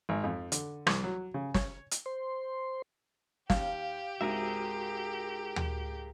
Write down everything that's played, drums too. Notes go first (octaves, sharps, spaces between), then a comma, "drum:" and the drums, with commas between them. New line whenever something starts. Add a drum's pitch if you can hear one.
G#1
F2
D3, drum: hi-hat
C2, drum: rim click
F#3
C#3
C#5, drum: snare
drum: hi-hat
C5 C6
D#2 G4 F5, drum: snare
C#2 G#2 C4 F#4 G#4 A#4 E5
drum: tom D2